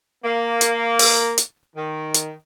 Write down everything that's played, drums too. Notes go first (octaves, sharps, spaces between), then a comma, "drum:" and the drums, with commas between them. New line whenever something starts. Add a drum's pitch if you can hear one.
A#3
drum: hi-hat
drum: open hi-hat
drum: hi-hat
D#3
drum: hi-hat